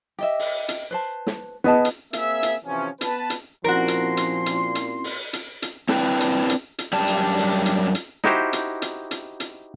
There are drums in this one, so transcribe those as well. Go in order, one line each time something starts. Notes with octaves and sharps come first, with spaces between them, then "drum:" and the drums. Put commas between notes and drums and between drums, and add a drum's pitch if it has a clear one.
G4 D#5 E5
drum: open hi-hat
drum: hi-hat
B4 C5 A5
drum: snare
B3 G#4 D#5 A5
drum: hi-hat
A#3 C4 G#4 E5, drum: hi-hat
drum: hi-hat
C3 E3 F3 C#4
B3 B4 A5, drum: hi-hat
drum: hi-hat
A#2 F3 C4 C#4 E4 F#4 A#4 C6
drum: hi-hat
drum: hi-hat
drum: hi-hat
drum: hi-hat
drum: open hi-hat
drum: hi-hat
drum: hi-hat
C4 D4 E4 B4 G5, drum: snare
drum: hi-hat
drum: hi-hat
drum: hi-hat
F#2 G3 D4 G5 A5
drum: hi-hat
drum: open hi-hat
drum: hi-hat
drum: hi-hat
D#4 E4 F#4 G4 C5, drum: snare
drum: hi-hat
drum: hi-hat
drum: hi-hat
drum: hi-hat